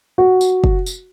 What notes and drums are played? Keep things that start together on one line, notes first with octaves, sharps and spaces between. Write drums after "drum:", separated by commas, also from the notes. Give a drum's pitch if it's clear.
F#4
drum: tambourine
drum: kick
drum: tambourine